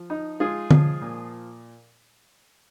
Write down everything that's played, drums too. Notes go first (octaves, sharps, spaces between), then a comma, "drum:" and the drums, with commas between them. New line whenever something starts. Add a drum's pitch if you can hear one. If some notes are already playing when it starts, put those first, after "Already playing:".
Already playing: F3
D#4
G#3 F4 G#4
F3, drum: tom D3
A#2